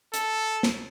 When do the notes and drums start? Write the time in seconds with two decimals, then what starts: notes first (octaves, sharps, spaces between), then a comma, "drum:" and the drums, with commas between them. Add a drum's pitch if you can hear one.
0.14 A4, drum: hi-hat
0.63 drum: snare